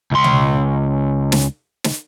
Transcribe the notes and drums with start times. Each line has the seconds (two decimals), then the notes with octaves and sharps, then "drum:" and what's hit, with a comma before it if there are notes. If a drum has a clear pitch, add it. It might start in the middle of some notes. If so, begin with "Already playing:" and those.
0.11 C#2 C6
0.24 drum: tom B2
1.32 drum: snare
1.84 drum: snare